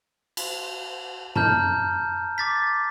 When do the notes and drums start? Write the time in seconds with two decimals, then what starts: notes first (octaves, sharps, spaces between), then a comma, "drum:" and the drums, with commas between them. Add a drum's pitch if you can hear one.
0.37 drum: cymbal
1.36 A5 A#5 F6 G6, drum: tom F#2
2.38 D6 A6 B6